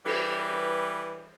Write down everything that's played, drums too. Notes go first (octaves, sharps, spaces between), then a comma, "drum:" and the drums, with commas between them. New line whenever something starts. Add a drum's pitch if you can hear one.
E3 G3 B4, drum: cymbal